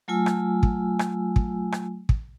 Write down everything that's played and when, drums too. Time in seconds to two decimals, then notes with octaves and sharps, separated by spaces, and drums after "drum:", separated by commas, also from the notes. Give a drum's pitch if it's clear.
0.08 F#3 A3 F4 G#5 E6
0.26 drum: rim click
0.63 drum: kick
0.99 drum: rim click
1.36 drum: kick
1.72 drum: rim click
2.09 drum: kick